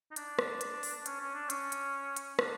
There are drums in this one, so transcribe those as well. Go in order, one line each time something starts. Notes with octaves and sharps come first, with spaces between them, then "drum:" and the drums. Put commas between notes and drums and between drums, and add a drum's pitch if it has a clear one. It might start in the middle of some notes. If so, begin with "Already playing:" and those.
D#4
D4, drum: hi-hat
drum: rim click
drum: hi-hat
drum: open hi-hat
C#4, drum: hi-hat
C#4
D4
C#4, drum: hi-hat
drum: hi-hat
drum: hi-hat
D4, drum: rim click